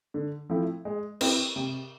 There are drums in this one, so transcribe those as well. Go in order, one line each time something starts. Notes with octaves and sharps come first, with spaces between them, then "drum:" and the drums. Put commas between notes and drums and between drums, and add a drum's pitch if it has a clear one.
D3
F3 A3 C4 E4
G#3
C4 E4 G4 B4, drum: cymbal
C3